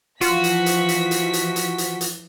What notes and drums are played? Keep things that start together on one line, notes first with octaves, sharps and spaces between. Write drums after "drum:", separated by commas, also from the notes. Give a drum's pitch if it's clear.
E3 F3 F4 F#4 B6, drum: hi-hat
drum: hi-hat
drum: hi-hat
drum: hi-hat
drum: hi-hat
drum: hi-hat
drum: hi-hat
drum: hi-hat
drum: hi-hat